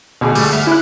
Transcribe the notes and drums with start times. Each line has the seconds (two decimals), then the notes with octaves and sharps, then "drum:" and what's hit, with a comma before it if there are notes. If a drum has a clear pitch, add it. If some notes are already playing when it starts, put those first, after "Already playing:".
0.21 D2 B2 G#4 D6
0.35 G3 A3, drum: open hi-hat
0.53 E5 F6
0.67 E4 B5 D6 F#6